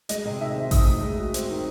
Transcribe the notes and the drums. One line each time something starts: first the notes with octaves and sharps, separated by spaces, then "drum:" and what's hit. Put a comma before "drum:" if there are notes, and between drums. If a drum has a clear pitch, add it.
G#3 D#5, drum: hi-hat
C3
D#3 E5
C4
D#4 D#6, drum: kick A1, open hi-hat
A2
G#3
F#4
C4, drum: hi-hat
D#3